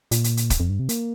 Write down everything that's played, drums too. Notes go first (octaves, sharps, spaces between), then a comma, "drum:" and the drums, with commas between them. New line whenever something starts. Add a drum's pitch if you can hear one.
A#2, drum: hi-hat
drum: hi-hat
drum: hi-hat
drum: kick, hi-hat
F2
G2
C3
A#3, drum: hi-hat